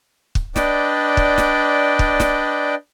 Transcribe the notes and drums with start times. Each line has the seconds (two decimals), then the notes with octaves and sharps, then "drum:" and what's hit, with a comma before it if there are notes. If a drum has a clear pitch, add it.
0.35 drum: kick
0.56 D4 B4 D5 D#5 G5, drum: snare
1.17 drum: kick
1.38 drum: snare
1.99 drum: kick
2.20 drum: snare